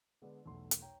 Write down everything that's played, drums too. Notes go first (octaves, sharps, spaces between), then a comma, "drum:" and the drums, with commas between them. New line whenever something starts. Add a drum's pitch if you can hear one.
D3 G#3 B3 D4 B4 D5
B1 E2 A3 C6
drum: hi-hat
C#5 G5 A#5